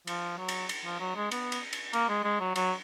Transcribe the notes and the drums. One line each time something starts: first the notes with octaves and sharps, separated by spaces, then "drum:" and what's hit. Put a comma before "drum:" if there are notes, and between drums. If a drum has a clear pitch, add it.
F3, drum: cymbal
F#3
drum: cymbal
drum: cymbal
F3
F#3
G#3
B3, drum: cymbal
drum: cymbal
drum: cymbal
A#3, drum: cymbal
G#3
G#3
F#3
F#3, drum: cymbal